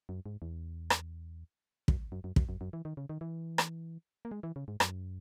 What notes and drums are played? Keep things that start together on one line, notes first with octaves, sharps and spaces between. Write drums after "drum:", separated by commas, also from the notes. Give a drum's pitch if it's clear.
F#2
G#2
E2
drum: rim click
F#2, drum: kick
F#2
F#2
F#2, drum: kick
F#2
F#2
E3
D#3
C#3
D#3
E3
drum: rim click
A#3
G#3
E3
C#3
G#2
F#2, drum: rim click